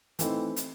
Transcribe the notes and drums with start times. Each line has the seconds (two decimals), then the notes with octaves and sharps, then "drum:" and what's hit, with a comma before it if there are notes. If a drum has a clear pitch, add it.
0.19 E3 A3 C4 D#4, drum: hi-hat
0.56 drum: hi-hat